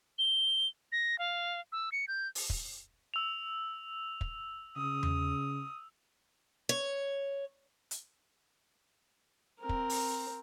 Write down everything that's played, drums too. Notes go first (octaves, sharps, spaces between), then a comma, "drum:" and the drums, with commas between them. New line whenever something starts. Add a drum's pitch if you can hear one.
G7
A#6
F5
E6
C#7
G6
drum: open hi-hat
drum: kick
E6 F7
drum: kick
C#3 D#6
drum: tom E2
C#5
drum: hi-hat
C4 A#4
drum: kick
drum: open hi-hat